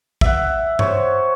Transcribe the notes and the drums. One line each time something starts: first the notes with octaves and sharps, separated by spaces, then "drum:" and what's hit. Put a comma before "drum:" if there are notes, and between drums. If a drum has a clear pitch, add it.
E5 F#5, drum: kick
C5 C#5, drum: tom G2